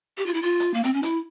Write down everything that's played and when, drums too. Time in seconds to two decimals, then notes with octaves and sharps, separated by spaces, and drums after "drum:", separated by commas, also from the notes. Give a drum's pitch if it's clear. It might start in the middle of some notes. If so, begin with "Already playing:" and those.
0.17 G4
0.26 F4
0.34 E4
0.42 F4
0.60 drum: hi-hat
0.74 A#3
0.84 C4, drum: hi-hat
0.93 C#4
1.03 E4, drum: hi-hat